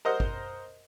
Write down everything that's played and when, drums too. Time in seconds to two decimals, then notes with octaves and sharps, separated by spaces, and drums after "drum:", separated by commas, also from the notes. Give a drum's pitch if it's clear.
0.05 A#4 C5 D#5 F#5
0.20 drum: kick G#1